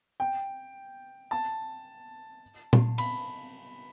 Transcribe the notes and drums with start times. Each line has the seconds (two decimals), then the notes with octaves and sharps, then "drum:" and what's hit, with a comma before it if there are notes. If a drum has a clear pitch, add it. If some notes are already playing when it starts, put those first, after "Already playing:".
0.20 G5
1.31 A5
2.73 drum: tom A#2
2.98 B5, drum: cymbal